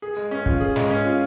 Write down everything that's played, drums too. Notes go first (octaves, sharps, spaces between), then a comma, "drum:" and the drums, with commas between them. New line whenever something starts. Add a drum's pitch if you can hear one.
G#4
G#3
C#4
F4, drum: kick
G#4
G#3, drum: snare
C#4
F4